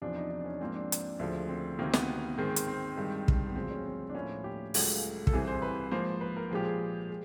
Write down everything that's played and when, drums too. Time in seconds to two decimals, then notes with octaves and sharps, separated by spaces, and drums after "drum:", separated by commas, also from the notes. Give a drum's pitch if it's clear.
0.02 E2 C3 F3 D4
0.16 D#4
0.31 D#4
0.41 D4
0.46 C#4
0.60 G#2 F3 A#3 C4
0.75 D4
0.92 drum: hi-hat
1.19 D2 C#3 F3 A3
1.49 C4
1.79 D2 C3 D#3 A#3
1.93 B3, drum: snare
2.38 G#2 D#3 G#3 C4
2.56 drum: hi-hat
2.67 C4
2.97 G2 D#3 G#3
3.28 drum: kick
3.47 B3
3.56 D2 C#3 F3 G#3 C4
3.71 C#4
3.85 C4
4.10 D4
4.15 A2 F3 A#3 C#4
4.44 G4
4.74 C#2 C#3 F#3 A3, drum: open hi-hat
5.27 A4, drum: kick
5.33 C2 C3 E3 G#4
5.48 C5
5.62 B4
5.91 G#2 F3 A#3 C5
6.21 B4
6.37 A#4
6.51 A#2 F3 G#3 G4
6.66 G#4
7.10 G#3